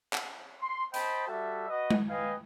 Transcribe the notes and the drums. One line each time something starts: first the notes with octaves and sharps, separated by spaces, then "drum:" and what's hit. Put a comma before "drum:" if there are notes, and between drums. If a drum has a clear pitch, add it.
drum: clap
C6
C5 D#5 G5 A5 B5, drum: hi-hat
G3 F#4 A4 E5
F#4 B4 D#5
drum: tom G#3
B4 D#5 F5 G5 G#5